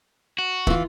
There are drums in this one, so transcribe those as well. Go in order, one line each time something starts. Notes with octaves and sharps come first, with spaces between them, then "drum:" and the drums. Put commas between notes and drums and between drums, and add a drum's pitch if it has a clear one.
F#4
E3 F4, drum: kick